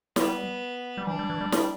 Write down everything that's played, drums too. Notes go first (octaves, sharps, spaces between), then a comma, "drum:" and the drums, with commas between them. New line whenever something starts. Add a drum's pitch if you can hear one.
G3 B3, drum: snare
G3
E3 D4
G3
E3
G3
G3, drum: snare